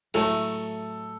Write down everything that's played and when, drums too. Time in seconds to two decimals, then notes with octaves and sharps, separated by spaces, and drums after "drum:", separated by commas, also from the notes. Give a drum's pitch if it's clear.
0.14 A2 F#3 A3 A4, drum: cymbal